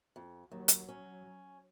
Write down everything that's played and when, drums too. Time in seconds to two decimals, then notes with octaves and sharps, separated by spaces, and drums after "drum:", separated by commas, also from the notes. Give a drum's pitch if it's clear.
0.16 F2
0.51 D#2 F#3
0.68 drum: hi-hat
0.89 C#4